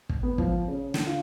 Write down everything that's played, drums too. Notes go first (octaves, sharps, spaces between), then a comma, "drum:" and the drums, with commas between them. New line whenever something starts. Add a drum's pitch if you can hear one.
drum: kick
B3
F3, drum: kick
C#3
D3, drum: snare
F4